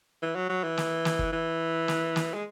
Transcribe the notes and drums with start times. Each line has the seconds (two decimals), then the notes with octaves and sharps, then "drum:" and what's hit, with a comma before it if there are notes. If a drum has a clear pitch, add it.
0.22 E3
0.35 F#3
0.50 F#3
0.64 E3
0.77 drum: snare
1.05 drum: snare
1.19 drum: kick
1.33 E3
1.88 drum: snare
2.16 drum: snare
2.34 G#3